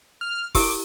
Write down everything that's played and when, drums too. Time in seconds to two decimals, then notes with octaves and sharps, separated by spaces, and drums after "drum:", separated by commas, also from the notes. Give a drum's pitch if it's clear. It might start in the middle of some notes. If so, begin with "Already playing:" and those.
0.21 F6
0.55 E4 G4 A#4 D6, drum: kick, open hi-hat